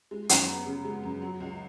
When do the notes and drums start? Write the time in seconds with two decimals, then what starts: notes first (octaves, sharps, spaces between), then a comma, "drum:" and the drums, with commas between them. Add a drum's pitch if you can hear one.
0.11 G#3
0.29 F#2, drum: hi-hat
0.47 B3
0.66 C#3
0.85 G#3
1.03 F#2
1.22 F#3
1.40 C#2